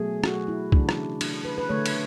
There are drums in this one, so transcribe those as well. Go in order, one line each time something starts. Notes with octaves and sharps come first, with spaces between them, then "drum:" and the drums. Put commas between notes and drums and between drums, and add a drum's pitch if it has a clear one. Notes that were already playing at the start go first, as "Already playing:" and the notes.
Already playing: B2 F#3 A3 G#4
F#4, drum: rim click
E4
C#3 E3 A3 D4, drum: kick C2
drum: rim click
D4, drum: cymbal
B4
B4
D3 A3 C#5
drum: cymbal